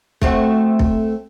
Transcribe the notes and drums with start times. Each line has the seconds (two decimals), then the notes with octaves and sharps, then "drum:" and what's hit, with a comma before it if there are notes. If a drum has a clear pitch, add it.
0.22 A3 C4 F#4, drum: kick B1
0.79 drum: kick B1